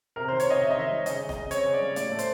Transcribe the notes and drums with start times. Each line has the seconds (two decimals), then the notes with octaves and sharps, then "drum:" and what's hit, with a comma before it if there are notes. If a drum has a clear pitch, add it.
0.16 C3 A#4
0.28 C5
0.32 D#3
0.40 C#5, drum: hi-hat
0.46 C3 D#5
0.61 C3 E5
0.71 D#5
0.77 D#3 E5
0.91 G3
1.06 C#3 D#5, drum: hi-hat
1.22 C#3
1.29 D#5, drum: snare
1.36 C#3
1.51 C4 C#5, drum: hi-hat
1.66 C#3
1.74 D5
1.81 G3
1.96 A2 D5, drum: hi-hat
2.12 A3
2.19 C5, drum: hi-hat